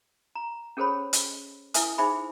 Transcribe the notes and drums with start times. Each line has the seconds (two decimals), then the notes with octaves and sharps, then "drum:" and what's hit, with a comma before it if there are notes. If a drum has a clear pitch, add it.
0.35 A#5
0.77 C#4 G#4 A4 C5 C#5 B5
1.13 drum: hi-hat
1.74 E4 A4 B4 E5 G#5 D#6, drum: hi-hat
1.98 D#4 G#4 C5 E5 G#5 B5